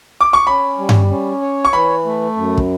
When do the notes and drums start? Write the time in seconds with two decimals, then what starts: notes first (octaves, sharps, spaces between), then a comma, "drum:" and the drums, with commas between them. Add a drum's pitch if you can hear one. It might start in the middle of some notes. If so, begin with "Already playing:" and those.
0.21 D6
0.33 C#6
0.47 C#4 B5
0.78 G3
0.89 drum: tom G2
1.10 C#4
1.41 C#5
1.65 C#6
1.73 E3 B5
2.05 A3
2.36 F#2
2.57 drum: kick